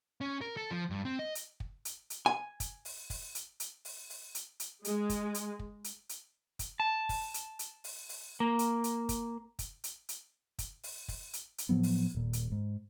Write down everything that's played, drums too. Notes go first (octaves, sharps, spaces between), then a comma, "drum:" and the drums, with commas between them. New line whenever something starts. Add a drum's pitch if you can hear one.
C#4
A#4
A4
F3
G2
C4
D#5
drum: hi-hat
drum: kick
drum: hi-hat
drum: hi-hat
G#5
drum: kick, hi-hat
drum: open hi-hat
drum: kick, open hi-hat
drum: hi-hat
drum: hi-hat
drum: open hi-hat
drum: open hi-hat
drum: hi-hat
drum: hi-hat
G#3, drum: hi-hat
drum: kick, hi-hat
drum: hi-hat
drum: kick
drum: hi-hat
drum: hi-hat
drum: kick, hi-hat
A5
drum: kick, open hi-hat
drum: hi-hat
drum: hi-hat
drum: open hi-hat
drum: open hi-hat
A#3
drum: hi-hat
drum: hi-hat
drum: kick, hi-hat
drum: kick, hi-hat
drum: hi-hat
drum: hi-hat
drum: kick, hi-hat
drum: open hi-hat
drum: kick, open hi-hat
drum: hi-hat
drum: hi-hat
A2 F3 F#3 B3
drum: open hi-hat
D#1 A#2
drum: hi-hat
G#2